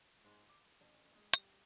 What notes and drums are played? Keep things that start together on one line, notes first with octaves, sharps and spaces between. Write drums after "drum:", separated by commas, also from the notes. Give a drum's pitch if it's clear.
G#2
D6
A1
G#3
G3, drum: hi-hat